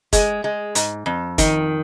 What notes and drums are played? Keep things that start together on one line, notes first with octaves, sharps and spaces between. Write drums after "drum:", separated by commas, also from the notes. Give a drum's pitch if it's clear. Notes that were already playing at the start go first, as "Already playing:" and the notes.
G#3, drum: kick, hi-hat
G#3
G#2, drum: hi-hat
F2
D#3, drum: kick, hi-hat